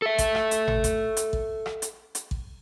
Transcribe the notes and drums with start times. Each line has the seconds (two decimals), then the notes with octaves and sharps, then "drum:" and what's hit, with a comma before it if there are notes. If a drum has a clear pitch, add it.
0.02 A4 E5
0.18 drum: kick A1, hi-hat
0.35 drum: rim click
0.51 drum: hi-hat
0.68 drum: tom G#1
0.84 drum: kick A1, hi-hat
1.17 drum: hi-hat
1.33 drum: kick A1
1.66 drum: rim click
1.82 drum: hi-hat
2.15 drum: hi-hat
2.31 drum: kick A1